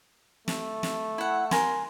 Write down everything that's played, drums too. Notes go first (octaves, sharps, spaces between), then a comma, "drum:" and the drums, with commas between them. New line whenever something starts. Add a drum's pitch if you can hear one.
A3, drum: snare
drum: snare
E4 F#5
A#4 G#5 C6, drum: snare